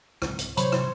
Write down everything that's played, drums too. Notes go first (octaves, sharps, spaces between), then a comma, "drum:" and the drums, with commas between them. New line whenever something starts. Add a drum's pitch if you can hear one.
C#2 G#3 C4, drum: rim click
drum: hi-hat
C3 E3 F#3 C5 C#5 B5, drum: hi-hat
drum: rim click